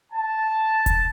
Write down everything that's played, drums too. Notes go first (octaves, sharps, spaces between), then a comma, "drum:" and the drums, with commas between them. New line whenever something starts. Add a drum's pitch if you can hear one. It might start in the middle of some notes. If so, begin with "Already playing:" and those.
A5
drum: kick E1, hi-hat